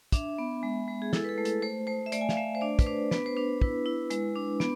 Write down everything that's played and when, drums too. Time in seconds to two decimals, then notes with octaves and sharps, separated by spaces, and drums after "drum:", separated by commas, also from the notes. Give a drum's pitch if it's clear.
0.12 D4 E5, drum: kick, hi-hat
0.38 B3
0.63 G#3
0.88 G#3
1.02 G#4
1.13 E4 A4, drum: snare
1.24 B4
1.29 A4
1.38 A3
1.45 A4, drum: hi-hat
1.62 A3 C5
1.87 A3 C5
2.06 E5
2.12 A3 D5, drum: hi-hat
2.21 G#5
2.29 F5, drum: snare
2.37 A3 E5
2.55 C5
2.61 D4 D5
2.79 B4, drum: kick, hi-hat
2.86 D4 C5
3.11 B3 B4, drum: snare
3.26 C5
3.37 D4 B4
3.62 E4 B4, drum: kick
3.86 E4
4.11 G#3, drum: hi-hat
4.36 D4
4.60 B3, drum: snare